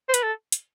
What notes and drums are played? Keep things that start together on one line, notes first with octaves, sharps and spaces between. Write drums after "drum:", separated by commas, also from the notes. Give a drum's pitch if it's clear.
C5
B4, drum: hi-hat
A4
drum: hi-hat